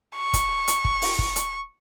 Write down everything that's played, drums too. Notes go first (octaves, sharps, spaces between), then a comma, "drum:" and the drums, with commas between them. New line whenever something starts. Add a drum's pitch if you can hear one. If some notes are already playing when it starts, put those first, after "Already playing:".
C#6
drum: kick, hi-hat
drum: hi-hat
drum: kick
drum: open hi-hat
drum: kick
drum: hi-hat